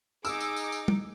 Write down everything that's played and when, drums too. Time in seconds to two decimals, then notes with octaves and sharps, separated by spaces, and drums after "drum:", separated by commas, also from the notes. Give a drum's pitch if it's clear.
0.25 D#4 G#4 D6 E6, drum: tambourine
0.40 drum: tambourine
0.56 drum: tambourine
0.72 drum: tambourine
0.88 drum: tom